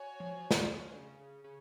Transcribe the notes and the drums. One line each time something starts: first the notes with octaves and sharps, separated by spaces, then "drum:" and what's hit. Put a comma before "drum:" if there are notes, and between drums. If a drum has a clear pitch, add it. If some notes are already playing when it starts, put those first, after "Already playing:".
Already playing: F#4 C#5 G#5
F3
F3, drum: snare
D3
C#3
C#3